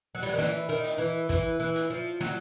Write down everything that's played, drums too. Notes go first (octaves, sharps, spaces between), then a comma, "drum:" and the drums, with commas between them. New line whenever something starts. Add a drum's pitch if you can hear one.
F#3
G3
F#3
D#3
E3, drum: snare
D#3
drum: hi-hat
E3
E3, drum: kick, hi-hat
E3
drum: hi-hat
F3
F#3, drum: snare